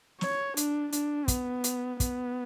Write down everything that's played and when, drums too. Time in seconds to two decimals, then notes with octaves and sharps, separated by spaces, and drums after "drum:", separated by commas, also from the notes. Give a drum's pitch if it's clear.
0.21 C#5, drum: snare
0.57 D4, drum: hi-hat
0.92 D4, drum: hi-hat
1.28 B3, drum: kick, hi-hat
1.64 drum: hi-hat
2.00 B3, drum: kick, hi-hat